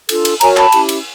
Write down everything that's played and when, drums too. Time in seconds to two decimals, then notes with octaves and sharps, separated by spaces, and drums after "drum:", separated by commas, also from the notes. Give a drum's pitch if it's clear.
0.09 D4 F4 A4, drum: cymbal
0.25 drum: cymbal
0.41 F#4 A#4 C#5 G#5 A#5, drum: cymbal
0.57 A5 B5, drum: clap
0.72 C#4 E4 G4, drum: cymbal
0.89 drum: cymbal